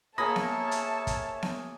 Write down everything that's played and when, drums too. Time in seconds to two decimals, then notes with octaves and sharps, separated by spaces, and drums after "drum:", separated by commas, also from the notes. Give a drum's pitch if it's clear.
0.18 A#3 G#4 C#5 E5 A5 B5 D#6 A#6
0.36 drum: snare B3
0.71 drum: hi-hat
1.07 drum: kick, hi-hat
1.42 drum: snare B3